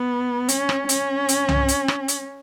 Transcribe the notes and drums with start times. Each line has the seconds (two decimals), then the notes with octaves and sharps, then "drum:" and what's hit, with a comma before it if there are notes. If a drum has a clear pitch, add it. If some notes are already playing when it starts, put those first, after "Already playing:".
Already playing: B3
0.49 C#4, drum: hi-hat
0.69 drum: rim click
0.89 C#4, drum: hi-hat
1.29 drum: hi-hat
1.48 drum: tom C2
1.68 drum: hi-hat
1.88 drum: rim click
2.08 drum: hi-hat